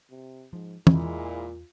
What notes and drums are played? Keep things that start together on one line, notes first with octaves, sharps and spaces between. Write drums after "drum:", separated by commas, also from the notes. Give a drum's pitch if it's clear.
C3
G#2 F3
E2 A#2 G#3 E4 F4, drum: tom